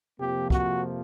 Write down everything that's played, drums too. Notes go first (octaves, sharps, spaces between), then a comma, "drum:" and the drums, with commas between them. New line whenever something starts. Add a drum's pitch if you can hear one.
F2 C3 F3 A#3 G4
F#4, drum: kick